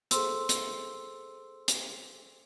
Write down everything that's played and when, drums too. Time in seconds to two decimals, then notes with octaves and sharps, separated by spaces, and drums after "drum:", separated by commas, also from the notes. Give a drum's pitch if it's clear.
0.11 G#4 A4 C5 C6 E6, drum: hi-hat
0.49 drum: hi-hat
1.68 drum: hi-hat